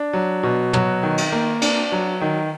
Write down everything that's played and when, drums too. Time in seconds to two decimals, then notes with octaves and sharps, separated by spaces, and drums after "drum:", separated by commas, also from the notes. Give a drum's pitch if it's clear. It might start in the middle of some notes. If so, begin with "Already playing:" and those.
Already playing: D4
0.13 F#3
0.43 B2
0.73 F#3, drum: tom
1.03 D#3
1.18 drum: cymbal
1.32 A#3
1.62 D4, drum: cymbal
1.92 F#3
2.21 D#3